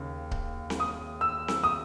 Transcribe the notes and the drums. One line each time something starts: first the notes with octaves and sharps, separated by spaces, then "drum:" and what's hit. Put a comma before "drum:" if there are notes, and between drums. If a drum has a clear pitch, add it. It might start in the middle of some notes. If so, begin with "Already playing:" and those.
Already playing: D#2 C#3
drum: kick C#1
drum: snare C4
D#6
E6
drum: snare C4
D#6